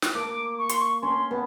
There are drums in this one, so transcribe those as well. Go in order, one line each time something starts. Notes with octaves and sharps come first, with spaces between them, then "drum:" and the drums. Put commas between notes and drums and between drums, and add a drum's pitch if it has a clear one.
drum: snare
A#3 D6
C#6
C6, drum: hi-hat
C#6
C#4 C6
B3